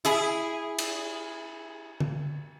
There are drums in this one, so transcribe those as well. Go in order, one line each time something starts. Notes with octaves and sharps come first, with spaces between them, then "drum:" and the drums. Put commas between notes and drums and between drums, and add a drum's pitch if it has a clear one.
E4 G#4, drum: hi-hat
drum: cymbal
drum: tom D3